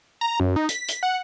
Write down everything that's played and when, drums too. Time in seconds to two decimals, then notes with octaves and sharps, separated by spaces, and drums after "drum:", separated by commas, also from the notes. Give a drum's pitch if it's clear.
0.21 A#5
0.40 F#2
0.56 D#4
0.69 B6, drum: hi-hat
0.89 drum: hi-hat
1.03 F#5